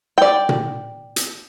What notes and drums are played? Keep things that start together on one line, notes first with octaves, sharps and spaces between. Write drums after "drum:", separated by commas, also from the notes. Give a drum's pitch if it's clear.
D5 G5
drum: tom A#2
drum: hi-hat